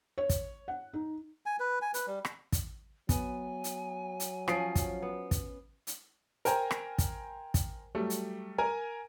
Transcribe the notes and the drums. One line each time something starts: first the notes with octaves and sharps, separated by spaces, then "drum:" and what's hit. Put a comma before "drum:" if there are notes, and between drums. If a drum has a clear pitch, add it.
C#5
drum: kick, hi-hat
F#5
D#4
G#5
B4
G#5
B4, drum: hi-hat
G3
drum: rim click
drum: kick, hi-hat
F#3 B3 G#5, drum: kick, hi-hat
drum: hi-hat
drum: hi-hat
F3 C#4 D#6 C7 D7, drum: rim click
drum: kick, hi-hat
B3
drum: kick, hi-hat
drum: hi-hat
A#4 C5 G5 G#5 A#5, drum: hi-hat
drum: rim click
drum: kick, hi-hat
drum: kick, hi-hat
F#3 G3 A3
drum: hi-hat
A#4 G#5 A#5